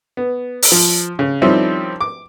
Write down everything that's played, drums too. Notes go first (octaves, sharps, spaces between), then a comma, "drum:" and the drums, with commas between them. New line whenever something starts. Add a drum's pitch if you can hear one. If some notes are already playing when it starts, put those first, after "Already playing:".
B3
drum: open hi-hat
F3
C#3
D#3 F3 G3 C4 C#4 E4
D6